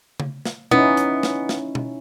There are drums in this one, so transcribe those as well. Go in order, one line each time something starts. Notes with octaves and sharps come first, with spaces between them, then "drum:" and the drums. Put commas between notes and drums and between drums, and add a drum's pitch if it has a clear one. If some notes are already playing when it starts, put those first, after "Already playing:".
drum: tom C#3
drum: snare
B3 C#4 D#4 E4, drum: tom B2
drum: hi-hat
drum: snare
drum: snare
drum: tom B2